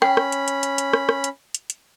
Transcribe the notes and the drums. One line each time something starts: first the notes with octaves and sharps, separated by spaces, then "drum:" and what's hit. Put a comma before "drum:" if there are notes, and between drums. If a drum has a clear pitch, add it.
C#4 G5 B5, drum: rim click
drum: rim click
drum: hi-hat
drum: hi-hat
drum: hi-hat
drum: hi-hat
drum: rim click
drum: rim click
drum: hi-hat
drum: hi-hat
drum: hi-hat